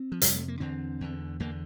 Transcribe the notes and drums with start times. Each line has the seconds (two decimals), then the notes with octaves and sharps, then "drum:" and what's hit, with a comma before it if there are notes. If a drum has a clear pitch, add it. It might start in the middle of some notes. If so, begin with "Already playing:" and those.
Already playing: C4
0.12 F3
0.22 F2 C3 G3, drum: hi-hat
0.36 A3
0.48 A#3
0.60 E2 D3 C4
1.01 E2 D3
1.40 E2 D3 A#3